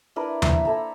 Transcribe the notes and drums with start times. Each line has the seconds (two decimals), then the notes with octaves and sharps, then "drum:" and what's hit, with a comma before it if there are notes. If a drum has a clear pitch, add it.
0.16 D4 E4 A#4 B4
0.42 A#3 C5 E5 A#5, drum: tom D#2
0.65 E4 A4 A#5